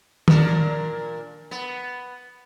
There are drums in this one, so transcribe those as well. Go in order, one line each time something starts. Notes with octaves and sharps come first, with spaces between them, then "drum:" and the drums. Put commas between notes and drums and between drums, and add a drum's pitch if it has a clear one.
A#2 D4 A#4, drum: tom D#3
B3